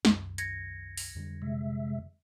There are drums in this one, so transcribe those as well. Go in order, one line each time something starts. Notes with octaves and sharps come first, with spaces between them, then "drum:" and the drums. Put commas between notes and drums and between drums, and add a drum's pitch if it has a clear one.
C2 F#2 D#3, drum: snare
G#6 A#6 C#7, drum: hi-hat
drum: open hi-hat
F2 D3 G3
C3 G#3 E5